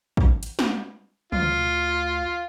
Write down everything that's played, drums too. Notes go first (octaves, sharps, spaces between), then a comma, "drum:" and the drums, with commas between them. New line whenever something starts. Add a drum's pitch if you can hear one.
drum: kick
drum: hi-hat
drum: snare
D2 F4, drum: tom